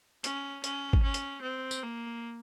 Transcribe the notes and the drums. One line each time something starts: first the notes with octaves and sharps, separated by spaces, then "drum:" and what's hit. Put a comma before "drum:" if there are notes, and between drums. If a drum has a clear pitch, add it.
C#4, drum: hi-hat
C#4, drum: hi-hat
drum: kick
C#4
drum: hi-hat
C4
drum: tambourine
A#3